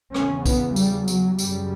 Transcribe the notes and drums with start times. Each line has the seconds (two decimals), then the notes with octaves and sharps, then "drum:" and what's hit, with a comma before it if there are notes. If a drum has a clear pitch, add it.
0.14 E2 C#3 C#4, drum: rim click
0.46 B3, drum: kick B1, tambourine
0.76 G3, drum: tambourine
1.08 F#3, drum: tambourine
1.39 F#2 C#3 G3, drum: tambourine